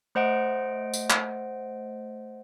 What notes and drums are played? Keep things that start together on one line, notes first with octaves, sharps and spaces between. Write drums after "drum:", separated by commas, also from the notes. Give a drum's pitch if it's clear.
A3 C5 D#5 F#5 D7
drum: tambourine
drum: clap